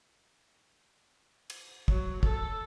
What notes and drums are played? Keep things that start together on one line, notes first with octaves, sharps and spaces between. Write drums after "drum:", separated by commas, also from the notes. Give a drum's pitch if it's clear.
drum: cymbal
F#3, drum: kick
A4, drum: kick